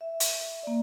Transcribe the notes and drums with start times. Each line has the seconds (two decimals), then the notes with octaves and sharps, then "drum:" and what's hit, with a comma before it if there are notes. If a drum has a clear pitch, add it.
0.01 E5
0.20 drum: hi-hat
0.63 A#3 D5